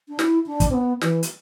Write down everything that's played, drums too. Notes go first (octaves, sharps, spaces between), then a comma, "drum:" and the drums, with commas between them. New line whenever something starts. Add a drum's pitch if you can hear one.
D4
E4, drum: snare
D4
drum: kick, hi-hat
C4
B3
E3, drum: snare
drum: hi-hat